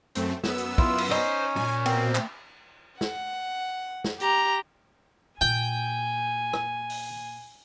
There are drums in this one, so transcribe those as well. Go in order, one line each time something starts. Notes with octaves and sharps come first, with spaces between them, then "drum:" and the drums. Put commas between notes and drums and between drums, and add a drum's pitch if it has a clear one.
F#2 A3 C4, drum: hi-hat
F#2 B3 E6, drum: snare
drum: hi-hat
E4 F4, drum: kick
drum: cymbal
C#4 D#4 C5
A#2 G#5, drum: tom
B2 A#3 C4, drum: cymbal
drum: clap
F#5, drum: snare
drum: snare
G4 A#5, drum: hi-hat
A#2 G5 G#5
drum: rim click
drum: open hi-hat